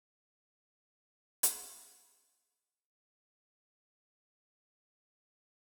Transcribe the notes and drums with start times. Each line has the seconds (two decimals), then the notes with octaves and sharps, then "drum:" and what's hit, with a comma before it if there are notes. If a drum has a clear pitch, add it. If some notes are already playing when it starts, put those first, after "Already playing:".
0.55 F#4 E5 F5
1.43 drum: hi-hat
3.02 G3
4.50 A4 C5 C#5